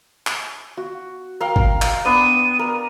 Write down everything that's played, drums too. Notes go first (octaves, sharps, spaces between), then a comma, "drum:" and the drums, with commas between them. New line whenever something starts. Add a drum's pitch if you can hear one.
drum: clap
F#4
A#4 F5 G5
drum: kick
drum: clap
B3 D4 D#7
A#4